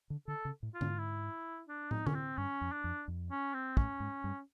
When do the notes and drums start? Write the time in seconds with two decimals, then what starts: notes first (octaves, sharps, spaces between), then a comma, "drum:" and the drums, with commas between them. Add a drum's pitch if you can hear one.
0.10 D3
0.28 D3 A4
0.45 C#3
0.63 A2
0.74 F4
0.81 G#2, drum: tom D3
0.98 E4
1.68 D4
1.91 D#4, drum: tom
2.07 C#4, drum: tom D3
2.14 C4
2.38 G2 C#4
2.61 F2
2.72 D4
2.84 F2
3.08 F2
3.31 C#4
3.54 C4
3.77 A2 C#4, drum: kick
4.00 G#2
4.24 G2